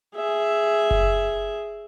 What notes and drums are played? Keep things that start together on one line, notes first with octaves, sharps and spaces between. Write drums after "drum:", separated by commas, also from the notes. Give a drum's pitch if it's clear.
G#4 E5
drum: kick F#1